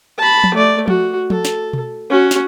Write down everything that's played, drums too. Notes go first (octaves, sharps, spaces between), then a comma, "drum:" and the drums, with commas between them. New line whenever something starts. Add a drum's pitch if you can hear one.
A5 B5
drum: tom F3
A3 D5
F#4, drum: tom F3
A4, drum: tom F3
drum: snare
drum: tom B2
C#4 F#4
drum: snare